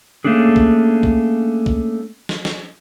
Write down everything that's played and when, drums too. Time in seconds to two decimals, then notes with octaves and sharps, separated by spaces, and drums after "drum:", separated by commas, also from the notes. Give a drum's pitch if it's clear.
0.24 A3 A#3 C#4 D4 G#4
0.56 drum: kick
1.03 drum: kick
1.66 drum: kick
2.29 drum: snare
2.45 drum: snare